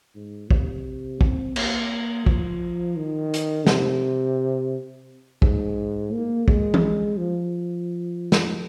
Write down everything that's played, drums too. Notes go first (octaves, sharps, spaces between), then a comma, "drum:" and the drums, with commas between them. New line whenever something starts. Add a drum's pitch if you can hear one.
G#2
C3, drum: kick
C4, drum: kick
A#3, drum: cymbal
F3, drum: kick
D#3
drum: hi-hat
C3, drum: snare
G#2, drum: kick
A#3
G#3, drum: kick
drum: tom E3
F3
drum: snare